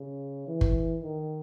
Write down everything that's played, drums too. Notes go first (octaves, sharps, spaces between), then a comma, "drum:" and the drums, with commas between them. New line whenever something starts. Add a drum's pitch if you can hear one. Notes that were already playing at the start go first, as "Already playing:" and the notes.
Already playing: C#3
E3
drum: kick G1
D#3